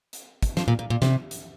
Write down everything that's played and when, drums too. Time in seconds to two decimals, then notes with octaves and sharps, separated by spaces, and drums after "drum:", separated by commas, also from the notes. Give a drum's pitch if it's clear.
0.13 drum: hi-hat
0.43 drum: kick, hi-hat
0.57 F3, drum: snare
0.68 A#2
0.79 A#2
0.90 A#2
1.02 C3, drum: snare
1.31 drum: hi-hat